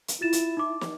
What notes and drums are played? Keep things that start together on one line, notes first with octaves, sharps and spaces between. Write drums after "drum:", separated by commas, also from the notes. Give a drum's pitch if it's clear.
drum: hi-hat
E4 F4 A6 E7
drum: hi-hat
D#4 D6
drum: snare